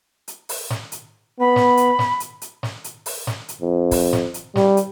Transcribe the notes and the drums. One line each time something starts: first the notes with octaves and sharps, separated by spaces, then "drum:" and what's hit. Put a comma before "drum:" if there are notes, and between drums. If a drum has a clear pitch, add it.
drum: hi-hat
drum: open hi-hat
drum: snare
drum: hi-hat
B3 B5
drum: snare
drum: hi-hat
drum: snare
drum: hi-hat
drum: hi-hat
drum: snare
drum: hi-hat
drum: open hi-hat
drum: snare
drum: hi-hat
F2
drum: kick, open hi-hat
drum: snare
drum: hi-hat
G3, drum: snare
drum: hi-hat